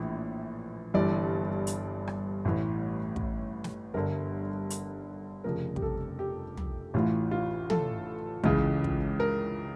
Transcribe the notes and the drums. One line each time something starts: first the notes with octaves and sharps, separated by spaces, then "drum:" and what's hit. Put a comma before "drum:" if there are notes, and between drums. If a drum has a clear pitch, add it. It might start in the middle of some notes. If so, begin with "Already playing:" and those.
Already playing: A#1 A2 E3
G1 G2 E3 D5
drum: hi-hat
drum: rim click
A1 A2 E3
drum: kick
drum: snare
G1 G2 D3 A#4
drum: hi-hat
F1 F2 C#3 A#4
G4, drum: kick
A4
G4
drum: tom
A1 A2 E3 F4
F4
A4, drum: tom
C#2 C#3 E3, drum: kick
drum: kick
A#4